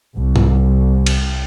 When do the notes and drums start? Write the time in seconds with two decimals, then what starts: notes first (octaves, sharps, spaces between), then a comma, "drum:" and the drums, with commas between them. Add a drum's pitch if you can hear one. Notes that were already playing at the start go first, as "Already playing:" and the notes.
0.15 C2
0.36 drum: tom G#2
1.06 drum: cymbal